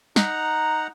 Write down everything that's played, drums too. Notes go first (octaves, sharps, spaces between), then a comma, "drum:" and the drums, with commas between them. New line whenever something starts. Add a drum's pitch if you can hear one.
D#4 F#5 A#5, drum: snare